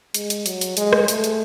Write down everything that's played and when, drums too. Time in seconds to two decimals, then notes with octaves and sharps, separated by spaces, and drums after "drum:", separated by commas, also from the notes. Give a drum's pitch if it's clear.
0.14 G#3, drum: hi-hat
0.30 drum: hi-hat
0.46 F#3, drum: hi-hat
0.61 drum: hi-hat
0.77 G#3, drum: hi-hat
0.93 drum: rim click
1.08 A3, drum: hi-hat
1.24 drum: hi-hat